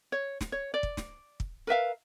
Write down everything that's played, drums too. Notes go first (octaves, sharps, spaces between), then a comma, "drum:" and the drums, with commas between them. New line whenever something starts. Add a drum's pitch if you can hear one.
C#5
drum: snare
C#5
D5
drum: kick
drum: snare
drum: kick
A#4 B4 E5 F5